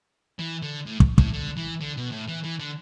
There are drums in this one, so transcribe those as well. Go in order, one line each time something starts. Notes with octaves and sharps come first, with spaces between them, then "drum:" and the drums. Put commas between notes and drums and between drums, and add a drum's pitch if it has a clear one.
E3
D3
A2
drum: kick
A2, drum: kick
D3
E3
D3
B2
A2
E3
E3
D3